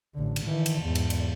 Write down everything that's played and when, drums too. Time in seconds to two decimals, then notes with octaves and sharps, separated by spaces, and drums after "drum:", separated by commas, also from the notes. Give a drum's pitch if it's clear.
0.15 A1 D3
0.36 drum: cymbal
0.45 D#3 E3
0.66 drum: cymbal
0.81 E2 G#2
0.95 drum: cymbal
1.10 drum: cymbal